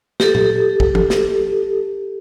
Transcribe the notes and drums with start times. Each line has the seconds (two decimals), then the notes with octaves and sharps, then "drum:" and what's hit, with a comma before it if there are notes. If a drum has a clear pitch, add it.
0.20 G4 A4, drum: snare
0.35 drum: tom A#2
0.80 drum: kick
0.95 drum: tom
1.10 drum: snare